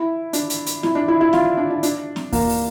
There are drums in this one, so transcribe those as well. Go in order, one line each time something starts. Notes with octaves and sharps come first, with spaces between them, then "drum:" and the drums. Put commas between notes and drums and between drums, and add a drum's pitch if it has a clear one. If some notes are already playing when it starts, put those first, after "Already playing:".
Already playing: E4
D4, drum: hi-hat
drum: hi-hat
drum: hi-hat
E4, drum: snare C4
D4
E4
E4
F4, drum: snare C4
D4
D4
D4, drum: hi-hat
drum: snare C4
A#3, drum: kick D#2, open hi-hat
drum: open hi-hat